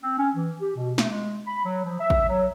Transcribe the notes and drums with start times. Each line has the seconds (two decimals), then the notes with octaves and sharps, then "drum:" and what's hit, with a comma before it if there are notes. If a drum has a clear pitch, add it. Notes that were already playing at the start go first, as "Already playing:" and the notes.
0.03 C4
0.19 C#4
0.35 E3
0.61 G4
0.76 B2
0.98 A3, drum: snare
1.10 G#3
1.47 B5
1.65 F#3
1.85 F3
2.00 E5
2.10 drum: kick A1
2.29 F#3